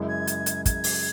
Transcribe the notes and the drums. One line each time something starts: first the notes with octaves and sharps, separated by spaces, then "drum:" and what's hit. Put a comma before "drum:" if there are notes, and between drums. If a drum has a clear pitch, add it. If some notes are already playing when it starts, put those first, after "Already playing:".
Already playing: F#2 C#3 G#3 E4
G#6
drum: hi-hat
drum: hi-hat
G#6, drum: kick, hi-hat
drum: open hi-hat